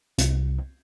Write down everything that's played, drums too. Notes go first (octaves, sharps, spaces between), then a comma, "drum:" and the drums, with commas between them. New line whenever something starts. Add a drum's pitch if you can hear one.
C2, drum: hi-hat